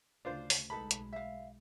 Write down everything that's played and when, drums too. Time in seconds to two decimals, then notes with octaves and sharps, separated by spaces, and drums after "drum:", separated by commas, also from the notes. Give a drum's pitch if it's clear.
0.25 D2 C#3 D4 F4 C5
0.50 drum: open hi-hat
0.70 B1 G#3 D#4 A4 B4 B5
0.91 drum: hi-hat
1.13 E5 F5